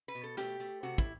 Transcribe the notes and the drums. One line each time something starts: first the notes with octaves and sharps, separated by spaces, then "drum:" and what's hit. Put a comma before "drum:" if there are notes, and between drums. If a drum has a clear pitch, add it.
B4
B2
A4
A3 G4, drum: rim click
A3
C3 F#4
E4, drum: kick